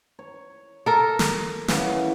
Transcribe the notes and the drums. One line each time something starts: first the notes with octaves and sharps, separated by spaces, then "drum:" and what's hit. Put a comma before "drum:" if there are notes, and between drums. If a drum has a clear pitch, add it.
C#5
A4 A#4
drum: snare
C#3 E3 F#5, drum: snare